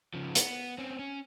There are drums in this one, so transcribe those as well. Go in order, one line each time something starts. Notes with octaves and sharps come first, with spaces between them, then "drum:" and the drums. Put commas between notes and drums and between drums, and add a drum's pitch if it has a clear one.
C#3 F3
B3, drum: hi-hat
C4 C#4
C#4